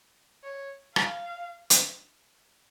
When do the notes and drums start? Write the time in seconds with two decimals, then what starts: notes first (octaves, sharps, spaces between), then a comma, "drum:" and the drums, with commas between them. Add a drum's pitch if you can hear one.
0.44 C#5
0.96 F5, drum: rim click
1.70 drum: hi-hat